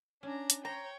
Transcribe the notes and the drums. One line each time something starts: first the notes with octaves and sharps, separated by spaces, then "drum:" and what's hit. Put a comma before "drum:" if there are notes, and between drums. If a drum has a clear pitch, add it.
C#4 D4 A#5
drum: hi-hat
C5 C#5 G5 A#5